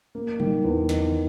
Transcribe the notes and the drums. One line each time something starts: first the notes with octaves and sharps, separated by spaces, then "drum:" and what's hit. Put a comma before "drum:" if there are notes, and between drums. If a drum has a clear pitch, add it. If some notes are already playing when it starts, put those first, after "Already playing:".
A#3
D#3, drum: tom F#3
E2
D#4, drum: snare